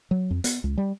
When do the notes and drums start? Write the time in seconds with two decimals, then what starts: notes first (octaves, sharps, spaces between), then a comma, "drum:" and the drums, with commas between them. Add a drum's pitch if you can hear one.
0.11 F#3
0.31 F2
0.44 B3, drum: hi-hat
0.64 C#2
0.78 G3